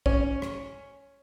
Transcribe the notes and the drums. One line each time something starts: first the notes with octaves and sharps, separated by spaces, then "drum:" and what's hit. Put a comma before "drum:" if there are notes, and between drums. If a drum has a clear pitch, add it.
C#4, drum: kick A#1
drum: rim click